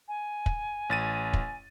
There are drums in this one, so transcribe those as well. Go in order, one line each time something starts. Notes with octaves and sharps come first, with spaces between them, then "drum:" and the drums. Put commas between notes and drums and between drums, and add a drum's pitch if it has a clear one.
G#5
drum: kick
A1 A6 D#7
drum: kick